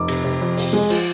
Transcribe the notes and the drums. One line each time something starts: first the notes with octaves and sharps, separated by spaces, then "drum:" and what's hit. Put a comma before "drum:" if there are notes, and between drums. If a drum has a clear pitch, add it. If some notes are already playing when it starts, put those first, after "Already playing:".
Already playing: F1 D6
C3, drum: cymbal
C3
F2
C3, drum: open hi-hat
G#3
F3, drum: cymbal